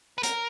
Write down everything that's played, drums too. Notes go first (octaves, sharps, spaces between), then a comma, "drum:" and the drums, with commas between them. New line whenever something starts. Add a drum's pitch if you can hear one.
B4
A#4, drum: hi-hat